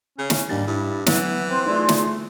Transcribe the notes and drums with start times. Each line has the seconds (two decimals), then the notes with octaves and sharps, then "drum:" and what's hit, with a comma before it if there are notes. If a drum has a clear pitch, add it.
0.18 C#3 C#4
0.30 drum: snare
0.49 D#2 G#2 G3 D4 A6
0.67 G2 E4
1.06 E3 F#3 B3, drum: snare
1.49 C4 B4 C5 C6
1.66 A3 D#4 F4 G#4 D5 C6
1.89 drum: snare